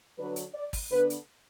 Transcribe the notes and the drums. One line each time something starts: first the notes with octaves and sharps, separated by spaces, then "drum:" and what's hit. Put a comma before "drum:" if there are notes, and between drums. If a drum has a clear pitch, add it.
D3 F#3 D4 B4
drum: hi-hat
D5
drum: kick, open hi-hat
D3 B3 D4 B4
drum: hi-hat